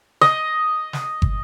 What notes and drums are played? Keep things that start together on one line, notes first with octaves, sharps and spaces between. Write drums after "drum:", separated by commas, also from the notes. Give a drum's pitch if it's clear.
D#5, drum: snare
drum: snare
drum: kick